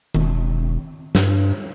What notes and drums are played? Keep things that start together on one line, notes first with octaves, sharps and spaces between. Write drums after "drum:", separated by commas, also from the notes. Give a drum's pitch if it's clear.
E1, drum: tom D#3
G2, drum: snare